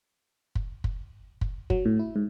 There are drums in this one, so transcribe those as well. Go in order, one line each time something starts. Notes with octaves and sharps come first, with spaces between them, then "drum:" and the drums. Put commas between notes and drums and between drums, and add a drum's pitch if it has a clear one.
drum: kick
drum: kick
drum: kick
F#3, drum: kick
A2
E4
G#2